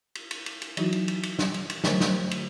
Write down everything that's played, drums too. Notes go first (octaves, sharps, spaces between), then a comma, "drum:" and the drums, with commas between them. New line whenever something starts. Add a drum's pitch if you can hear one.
drum: cymbal
drum: cymbal
drum: cymbal
drum: cymbal
E3 F#3 D#4 E4 F#4, drum: cymbal
drum: cymbal
drum: cymbal
drum: cymbal
drum: snare
drum: cymbal
drum: cymbal
D3 F#3 A3 A#4 C5 C#5, drum: snare
drum: snare
drum: cymbal